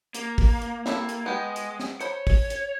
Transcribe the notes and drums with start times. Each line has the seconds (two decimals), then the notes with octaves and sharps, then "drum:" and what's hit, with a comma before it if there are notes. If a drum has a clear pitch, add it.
0.14 A#3, drum: hi-hat
0.38 drum: kick, open hi-hat
0.62 drum: hi-hat
0.86 E4 G4 A4, drum: snare
1.09 drum: hi-hat
1.26 G#3 B3 G4
1.56 drum: hi-hat
1.80 drum: snare
2.01 C5 C#5 B5, drum: hi-hat
2.27 drum: kick, open hi-hat
2.50 drum: hi-hat